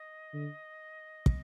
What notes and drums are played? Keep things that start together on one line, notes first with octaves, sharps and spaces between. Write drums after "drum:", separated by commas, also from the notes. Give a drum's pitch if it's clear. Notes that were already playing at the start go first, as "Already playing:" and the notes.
Already playing: D#5
D3
drum: kick